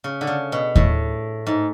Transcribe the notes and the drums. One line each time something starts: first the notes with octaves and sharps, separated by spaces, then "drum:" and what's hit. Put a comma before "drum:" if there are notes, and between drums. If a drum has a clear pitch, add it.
C#3
D3
C#3
B2
A2, drum: kick D#2
G#2